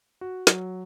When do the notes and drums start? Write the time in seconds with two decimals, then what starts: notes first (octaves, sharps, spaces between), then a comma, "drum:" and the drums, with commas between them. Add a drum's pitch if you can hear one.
0.21 F#4
0.47 F#3, drum: snare